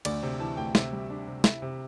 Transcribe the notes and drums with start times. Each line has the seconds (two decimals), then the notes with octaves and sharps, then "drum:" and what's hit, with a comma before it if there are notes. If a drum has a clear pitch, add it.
0.05 D2 D5, drum: cymbal
0.23 C3
0.40 E3 A5
0.57 D2 G5
0.75 C3 E5, drum: snare
0.93 G3
1.10 D4
1.28 C3
1.44 E4, drum: snare
1.62 C3